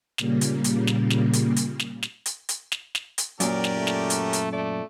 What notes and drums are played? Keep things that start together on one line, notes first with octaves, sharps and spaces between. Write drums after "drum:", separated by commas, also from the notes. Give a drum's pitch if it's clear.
A#2 C#3 G3 A#3, drum: snare
drum: hi-hat
drum: hi-hat
drum: snare
drum: snare
drum: hi-hat
drum: hi-hat
drum: snare
drum: snare
drum: hi-hat
drum: hi-hat
drum: snare
drum: snare
drum: hi-hat
F#2 A#2 F#3 C#4 G4 A#4 D5, drum: hi-hat
drum: snare
A3
drum: snare
drum: hi-hat
drum: hi-hat
A3 D5